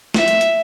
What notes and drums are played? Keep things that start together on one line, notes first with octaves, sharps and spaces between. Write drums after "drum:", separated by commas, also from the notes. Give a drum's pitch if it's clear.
E5, drum: snare
drum: hi-hat
drum: hi-hat